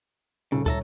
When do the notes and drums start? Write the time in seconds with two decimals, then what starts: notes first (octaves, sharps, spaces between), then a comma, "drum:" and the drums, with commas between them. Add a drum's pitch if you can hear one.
0.52 D#1 C#3 A4
0.66 D#1 A4 C#5 E5 A#5, drum: kick, hi-hat